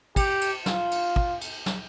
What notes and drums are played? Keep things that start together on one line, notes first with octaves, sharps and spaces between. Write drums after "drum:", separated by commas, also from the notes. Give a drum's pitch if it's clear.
G4, drum: kick, cymbal
drum: cymbal
F4, drum: snare
drum: cymbal
drum: kick
drum: cymbal
drum: snare